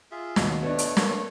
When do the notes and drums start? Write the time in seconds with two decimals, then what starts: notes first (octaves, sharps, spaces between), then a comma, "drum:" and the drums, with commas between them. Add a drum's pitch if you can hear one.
0.11 F4 G#4 E5
0.36 D#2 B2 D#3 D#5, drum: snare
0.63 A3 B3 D4 C#5
0.78 drum: hi-hat
0.97 A#4, drum: snare